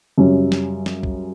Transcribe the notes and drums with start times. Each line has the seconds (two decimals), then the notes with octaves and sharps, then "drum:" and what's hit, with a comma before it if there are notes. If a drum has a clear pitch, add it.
0.18 F#2 C#3 G3 C#4
0.52 drum: snare
0.86 drum: snare
1.03 drum: kick